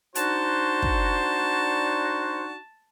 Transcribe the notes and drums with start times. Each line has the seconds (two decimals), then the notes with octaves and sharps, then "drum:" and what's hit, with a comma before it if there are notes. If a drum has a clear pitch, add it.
0.15 D4 D#4 F#4 C5 A5, drum: hi-hat
0.82 drum: kick